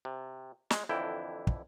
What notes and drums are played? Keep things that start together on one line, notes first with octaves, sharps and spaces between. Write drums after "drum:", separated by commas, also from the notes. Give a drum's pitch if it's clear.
C3
G#3, drum: snare
F2 D3 E3 E4 G5
drum: kick